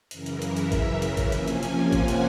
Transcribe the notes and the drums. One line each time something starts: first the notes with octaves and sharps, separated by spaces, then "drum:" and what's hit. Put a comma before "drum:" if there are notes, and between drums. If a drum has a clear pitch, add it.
F#2 C#3 E3 A#4, drum: hi-hat
drum: hi-hat
E5, drum: hi-hat
drum: hi-hat
drum: kick G1, hi-hat
drum: hi-hat
drum: kick G1, hi-hat
C3 F3 A#3 C#4 G#5, drum: hi-hat
drum: hi-hat
drum: hi-hat
F#5, drum: kick G1, hi-hat
drum: hi-hat